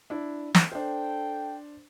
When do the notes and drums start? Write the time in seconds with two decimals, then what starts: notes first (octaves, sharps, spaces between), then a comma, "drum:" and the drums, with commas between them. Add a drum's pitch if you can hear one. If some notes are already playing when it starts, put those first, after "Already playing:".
0.10 D4 E4
0.55 drum: snare
0.72 D4 A4 C5 G5